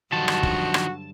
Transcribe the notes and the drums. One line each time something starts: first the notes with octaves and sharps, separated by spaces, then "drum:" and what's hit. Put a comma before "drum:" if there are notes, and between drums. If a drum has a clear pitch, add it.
G2 D3 D#3 F3 F#3 F#4 A5
drum: rim click
drum: kick
drum: rim click